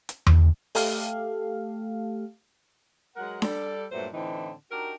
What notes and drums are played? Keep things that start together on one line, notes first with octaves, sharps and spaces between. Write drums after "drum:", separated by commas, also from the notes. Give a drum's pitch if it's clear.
drum: hi-hat
drum: tom E2
A3 G4 A4 F5, drum: open hi-hat
F#3 G#3 A#4 F#5
G3 A4 D5, drum: snare D4
G2 A#2 F#3 A3 B4 C5
A2 D3 E3 C4 D#4
D4 D#4 F#4 G4 A#4